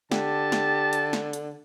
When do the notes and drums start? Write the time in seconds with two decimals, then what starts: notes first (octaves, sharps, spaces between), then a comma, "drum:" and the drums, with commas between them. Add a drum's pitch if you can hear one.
0.11 D3 G4 A5, drum: snare
0.52 drum: snare
0.93 drum: hi-hat
1.13 drum: snare
1.33 drum: hi-hat